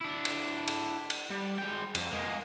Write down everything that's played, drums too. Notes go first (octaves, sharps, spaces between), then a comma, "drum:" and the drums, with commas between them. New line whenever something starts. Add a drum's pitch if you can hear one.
D4 E4
drum: cymbal
drum: cymbal
drum: cymbal
G3
G#3 G5
F2, drum: cymbal
G#3 A#3